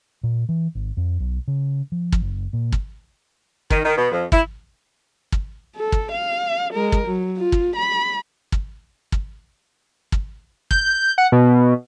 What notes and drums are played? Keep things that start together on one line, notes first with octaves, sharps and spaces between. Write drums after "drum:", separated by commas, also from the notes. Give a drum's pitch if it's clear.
A#2
E3
G#1
F2
B1
C#3
F3
drum: kick
F#1
A#2
drum: kick
D#3, drum: kick
D#3
B2
F2
E4, drum: kick
drum: kick
A4
drum: kick
F5
G#3 A#4
drum: kick
F#3
F4
drum: kick
B5
drum: kick
drum: kick
drum: kick
G6, drum: kick
F#5
B2